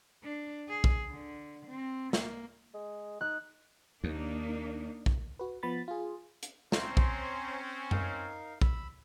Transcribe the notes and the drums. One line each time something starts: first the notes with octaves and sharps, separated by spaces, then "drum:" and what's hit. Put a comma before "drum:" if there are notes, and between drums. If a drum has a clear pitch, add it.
D4
G#4
drum: kick A#1
D3
C4
A#3, drum: snare
G#3
D#4 F#6
D#2 A#3 D4 D#4
drum: kick A#1
F#4 B4
F3 B3 B5 A6
F4 G#4
drum: hi-hat
C4 C#4 C5 A#5 C6, drum: snare
drum: kick A#1
D#4 A#4 F5, drum: tom F#2
B5 E6, drum: kick A#1